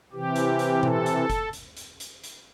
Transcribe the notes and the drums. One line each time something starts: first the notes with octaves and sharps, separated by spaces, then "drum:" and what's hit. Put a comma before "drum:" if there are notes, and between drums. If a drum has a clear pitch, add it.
C3 E3 G4
drum: hi-hat
drum: hi-hat
A4, drum: tom B2
drum: hi-hat
drum: kick F#1, hi-hat
drum: hi-hat
drum: hi-hat
drum: hi-hat
drum: hi-hat